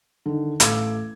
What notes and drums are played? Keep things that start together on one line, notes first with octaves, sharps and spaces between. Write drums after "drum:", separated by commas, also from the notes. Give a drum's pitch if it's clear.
D3 D#3
A1 A4 F5 D6 E6 G#6, drum: hi-hat